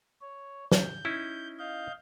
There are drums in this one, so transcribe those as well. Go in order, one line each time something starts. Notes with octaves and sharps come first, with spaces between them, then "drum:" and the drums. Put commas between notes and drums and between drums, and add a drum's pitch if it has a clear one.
C#5
G6, drum: snare
C#4 D#4 E4
D#5 F5 G6